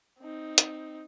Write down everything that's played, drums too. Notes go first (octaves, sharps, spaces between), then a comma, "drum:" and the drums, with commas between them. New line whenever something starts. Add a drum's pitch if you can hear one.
C4 D#4
drum: hi-hat